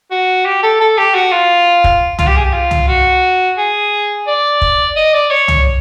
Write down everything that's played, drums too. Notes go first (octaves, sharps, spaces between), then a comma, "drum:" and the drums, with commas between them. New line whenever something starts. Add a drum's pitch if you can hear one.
F#4
G4
A4
A4
G4
F#4
F4
drum: kick
F4, drum: tom
G4
G#4
G4
F4
drum: tom
F#4
G#4
D5
drum: kick
D#5
D5
C#5
drum: tom